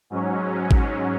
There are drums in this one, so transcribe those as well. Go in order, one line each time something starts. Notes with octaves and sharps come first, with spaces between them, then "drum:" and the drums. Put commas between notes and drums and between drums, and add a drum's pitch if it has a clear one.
G#2 F#3 C#4
drum: kick G#1